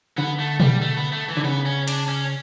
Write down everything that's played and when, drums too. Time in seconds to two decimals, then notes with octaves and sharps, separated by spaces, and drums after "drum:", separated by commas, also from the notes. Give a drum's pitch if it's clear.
0.17 D3 B3
0.39 A3
0.60 G3, drum: tom B2
0.82 A3
0.97 B3
1.12 A3
1.29 E3
1.37 D3
1.45 C#3 B3
1.66 C#4
1.88 D4, drum: cymbal
2.08 C#4